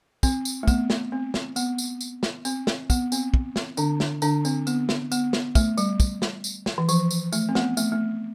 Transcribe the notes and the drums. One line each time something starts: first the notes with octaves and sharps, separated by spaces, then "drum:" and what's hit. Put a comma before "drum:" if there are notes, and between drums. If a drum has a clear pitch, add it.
C4, drum: kick, tambourine
drum: tambourine
A3
B3, drum: kick, tambourine
drum: snare
C4
drum: snare
B3, drum: tambourine
drum: tambourine
drum: tambourine
drum: snare
C4, drum: tambourine
drum: snare
B3, drum: kick, tambourine
C4, drum: tambourine
drum: kick
drum: snare
D3 D4, drum: tambourine
drum: snare
D3 D4, drum: tambourine
C4, drum: tambourine
B3, drum: tambourine
drum: snare
B3, drum: tambourine
drum: snare
A3, drum: kick, tambourine
G3, drum: tambourine
drum: kick, tambourine
drum: snare
drum: tambourine
drum: snare
E3
F3, drum: tambourine
drum: tambourine
A3, drum: tambourine
C4
B3, drum: snare
A3, drum: tambourine
A3